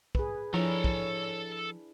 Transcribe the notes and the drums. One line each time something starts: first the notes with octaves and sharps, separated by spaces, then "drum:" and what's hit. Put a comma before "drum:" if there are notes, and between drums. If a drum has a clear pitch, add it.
G#4 B4, drum: kick
F3 D4 E4 A4 C#5 A#5
drum: kick